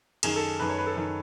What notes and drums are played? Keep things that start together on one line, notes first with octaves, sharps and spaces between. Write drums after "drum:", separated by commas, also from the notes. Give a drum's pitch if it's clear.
F#2 D#3 G#4, drum: cymbal
A4
F#2 D#3 B4
C#5
B4
A4
F#2 D#3